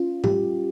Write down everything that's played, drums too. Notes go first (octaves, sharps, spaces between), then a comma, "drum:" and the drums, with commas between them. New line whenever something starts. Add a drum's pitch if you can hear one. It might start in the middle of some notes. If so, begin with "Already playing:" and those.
Already playing: C#4 F4
G3 G4, drum: tom G#2